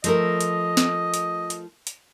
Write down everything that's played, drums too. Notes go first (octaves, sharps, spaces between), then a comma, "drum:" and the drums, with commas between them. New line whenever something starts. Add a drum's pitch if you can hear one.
F3 A3 A#4 D#5, drum: hi-hat
drum: hi-hat
drum: snare
drum: hi-hat
drum: hi-hat
drum: hi-hat